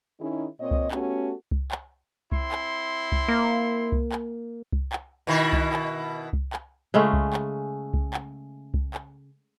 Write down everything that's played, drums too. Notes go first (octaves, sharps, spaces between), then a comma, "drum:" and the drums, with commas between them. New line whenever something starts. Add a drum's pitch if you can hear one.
D#3 C#4 D#4 E4 G#4
A#2 C4 C#5 D#5
drum: kick C2
A3 B3 C#4 F#4 G4 A4, drum: clap
drum: kick C2
drum: clap
C4 E4 C6, drum: kick C2
drum: clap
drum: kick C2
A#3
drum: kick C2
drum: clap
drum: kick C2
drum: clap
B2 D#3 E4
drum: kick C2
drum: clap
drum: kick C2
drum: clap
C#3 G#3 A3 C#4
drum: kick C2
drum: clap
drum: kick C2
drum: clap
drum: kick C2
drum: clap